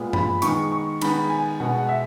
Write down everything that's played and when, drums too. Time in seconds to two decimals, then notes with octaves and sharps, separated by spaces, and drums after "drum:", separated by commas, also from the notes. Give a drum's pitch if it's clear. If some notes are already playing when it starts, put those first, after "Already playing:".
Already playing: A#2 G#3 B3
0.13 B5, drum: tom G2
0.42 D#3 G#3 B3 C#6, drum: hi-hat
0.72 C#6
1.01 D#3 G#3 B3 B5, drum: cymbal
1.30 G#5
1.60 B2 G#3 B3 F#5
1.78 F#5
1.89 E5